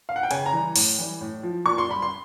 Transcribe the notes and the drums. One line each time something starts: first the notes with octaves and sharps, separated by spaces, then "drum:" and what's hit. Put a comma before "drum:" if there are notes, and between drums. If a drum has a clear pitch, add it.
F5
F#5
G5
C#3 G#5, drum: hi-hat
A#5
E3 G3
A2, drum: open hi-hat
E3 G3
A2
F3
A#2 C#6
C6
G3 B5
C6